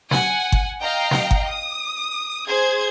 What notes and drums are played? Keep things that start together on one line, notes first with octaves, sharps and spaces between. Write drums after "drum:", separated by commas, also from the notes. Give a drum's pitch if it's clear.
F#5 G#5, drum: snare
drum: kick G1
D#5 F5 G5 A#5
drum: snare
drum: kick G1
D#6
G#4 C5 G#6